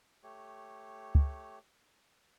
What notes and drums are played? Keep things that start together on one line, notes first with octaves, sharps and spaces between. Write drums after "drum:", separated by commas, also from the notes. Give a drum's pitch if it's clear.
A3 G4 C#5
drum: kick